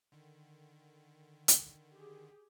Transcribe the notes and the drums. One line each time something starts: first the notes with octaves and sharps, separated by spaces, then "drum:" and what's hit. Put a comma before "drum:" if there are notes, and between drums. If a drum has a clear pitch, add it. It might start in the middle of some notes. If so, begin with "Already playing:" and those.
D3 D#3
drum: hi-hat
G4 G#4